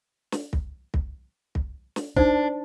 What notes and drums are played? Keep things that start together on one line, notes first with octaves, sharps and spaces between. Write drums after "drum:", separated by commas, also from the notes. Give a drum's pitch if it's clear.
drum: snare
drum: kick
drum: kick
drum: kick
drum: snare
D4 D#4 C5, drum: kick